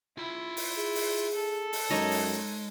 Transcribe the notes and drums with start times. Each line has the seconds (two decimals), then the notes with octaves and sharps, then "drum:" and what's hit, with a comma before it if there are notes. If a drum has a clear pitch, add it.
0.18 E4 F4 B5
0.57 drum: open hi-hat
0.78 G#4
0.95 drum: open hi-hat
1.34 A4
1.73 drum: open hi-hat
1.90 F#2 G#3 D#4 C#5 D#5
2.11 drum: open hi-hat